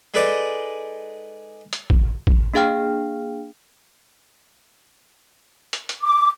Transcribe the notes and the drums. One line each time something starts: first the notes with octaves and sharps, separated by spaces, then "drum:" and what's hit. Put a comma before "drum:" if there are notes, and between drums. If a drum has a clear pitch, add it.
G#3 D#4 A4 B4 D5 D#5
drum: hi-hat
drum: kick
drum: kick
A#3 D4 G#4 F5 G5 F6
drum: hi-hat
drum: hi-hat
D6